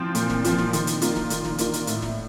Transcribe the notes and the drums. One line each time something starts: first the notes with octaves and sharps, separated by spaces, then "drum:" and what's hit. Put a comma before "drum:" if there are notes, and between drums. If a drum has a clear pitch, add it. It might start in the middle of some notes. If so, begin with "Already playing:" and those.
Already playing: F3 C4 F4
A#2, drum: hi-hat
drum: snare
F3 C4 F4, drum: hi-hat
drum: snare
D#3, drum: hi-hat
drum: hi-hat
A#3 D4 F4, drum: hi-hat
drum: snare
D#3, drum: hi-hat
drum: snare
A#3 D4 F4, drum: hi-hat
drum: hi-hat
A2, drum: hi-hat
drum: snare